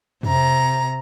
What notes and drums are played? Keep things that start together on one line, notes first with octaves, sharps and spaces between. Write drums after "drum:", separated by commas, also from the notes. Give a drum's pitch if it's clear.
C3 A#5, drum: tom F2